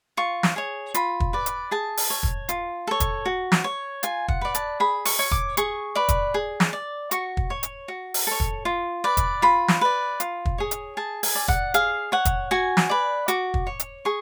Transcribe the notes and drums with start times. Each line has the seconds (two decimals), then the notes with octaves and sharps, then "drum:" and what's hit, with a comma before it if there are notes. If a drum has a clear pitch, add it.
0.17 F4 C#6
0.43 drum: snare
0.56 G#4 C#5
0.94 F4 B5, drum: hi-hat
1.20 drum: kick
1.33 B4 D5
1.46 drum: hi-hat
1.71 G#4 A5
1.97 drum: open hi-hat
2.10 C#5
2.23 drum: kick
2.49 F4, drum: hi-hat
2.87 A4 C#5
3.00 drum: kick, hi-hat
3.26 F#4
3.52 drum: snare
3.64 C#5
4.03 F4 G#5, drum: hi-hat
4.28 F#5, drum: kick
4.41 B4 D5
4.55 A5, drum: hi-hat
4.80 G#4 B5
5.05 C#6, drum: open hi-hat
5.19 C#5
5.31 D6, drum: kick
5.57 G#4 C#6, drum: hi-hat
5.95 B4 D5
6.09 drum: kick, hi-hat
6.34 G#4
6.60 drum: snare
6.73 D5
7.11 F#4 C#6, drum: hi-hat
7.37 drum: kick
7.50 C#5
7.63 drum: hi-hat
7.88 F#4
8.14 drum: open hi-hat
8.27 A4 C#5
8.40 drum: kick
8.65 F4
9.04 B4 D5
9.17 drum: kick, hi-hat
9.42 F4 B5
9.68 drum: snare
9.81 B4 D5
10.20 F4, drum: hi-hat
10.45 drum: kick
10.58 G#4 C#5
10.71 drum: hi-hat
10.97 G#4 A5
11.23 G#5, drum: open hi-hat
11.35 D5
11.48 F#5, drum: kick
11.74 G#4 F5, drum: hi-hat
12.12 C#5 F#5
12.25 drum: kick, hi-hat
12.51 F#4 G#5
12.77 drum: snare
12.90 B4 D5
13.28 F#4 D6, drum: hi-hat
13.54 drum: kick
13.67 C#5
13.80 drum: hi-hat
14.05 G#4 C#6